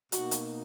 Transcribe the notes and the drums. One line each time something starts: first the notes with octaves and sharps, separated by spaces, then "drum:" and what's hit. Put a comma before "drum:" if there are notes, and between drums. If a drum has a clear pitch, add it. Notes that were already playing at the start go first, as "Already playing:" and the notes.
B2 A#3 D#4 F#4, drum: hi-hat
drum: hi-hat